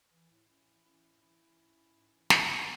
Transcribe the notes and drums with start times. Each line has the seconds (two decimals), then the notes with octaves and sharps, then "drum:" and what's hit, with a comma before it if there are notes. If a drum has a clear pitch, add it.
0.10 E3
0.29 A2
0.47 A2 C#4 E4
0.65 E3
0.84 E3 C#4 E4
1.02 A2
1.20 E3 C#4 E4
1.39 E3
1.57 G#2
1.76 G#2
1.94 G#2
2.12 E3
2.30 E3 C#4 E4, drum: snare
2.49 E3